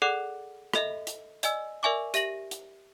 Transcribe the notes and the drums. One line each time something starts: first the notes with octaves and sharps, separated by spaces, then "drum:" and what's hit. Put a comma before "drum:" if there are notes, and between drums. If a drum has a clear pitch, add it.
G#4 A4 D5 F#5 D6 F#6
A4 D#5 E5, drum: rim click
drum: hi-hat
D5 D#5 G#5 E6, drum: hi-hat
A#4 D5 E5 G#5 C#6 D6
G4 E5 A#6 F#7, drum: hi-hat
drum: hi-hat